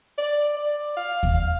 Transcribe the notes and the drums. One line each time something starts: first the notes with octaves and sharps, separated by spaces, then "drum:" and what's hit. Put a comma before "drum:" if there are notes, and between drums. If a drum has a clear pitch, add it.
D5
D5
F5
drum: kick D#2
F5